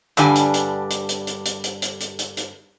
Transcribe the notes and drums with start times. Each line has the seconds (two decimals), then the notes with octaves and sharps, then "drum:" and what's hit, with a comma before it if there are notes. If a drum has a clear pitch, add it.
0.17 G2 D3 G3 G#5, drum: hi-hat
0.35 drum: hi-hat
0.54 drum: hi-hat
0.90 drum: hi-hat
1.09 drum: hi-hat
1.27 drum: hi-hat
1.45 drum: hi-hat
1.64 drum: hi-hat
1.82 drum: hi-hat
2.00 drum: hi-hat
2.19 drum: hi-hat
2.37 drum: hi-hat